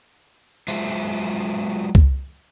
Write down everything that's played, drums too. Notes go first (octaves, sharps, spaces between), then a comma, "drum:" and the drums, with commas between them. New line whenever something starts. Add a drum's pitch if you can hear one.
F#3 G#3 F4 C5 E5, drum: tambourine
drum: kick C2